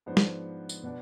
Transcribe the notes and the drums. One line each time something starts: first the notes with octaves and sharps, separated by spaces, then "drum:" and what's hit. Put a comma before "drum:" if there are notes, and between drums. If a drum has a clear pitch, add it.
G#2 F3 B3 D4 C5
drum: snare
drum: tambourine
B2 B3 D4